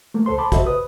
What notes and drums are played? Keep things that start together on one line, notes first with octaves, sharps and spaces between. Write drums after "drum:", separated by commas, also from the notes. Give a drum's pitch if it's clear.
A3 A#3
C#2 A4 C5 C6
A5 B5 D6
F#4 G4 A4 C5 D#5 E5, drum: kick, hi-hat
B4 D#6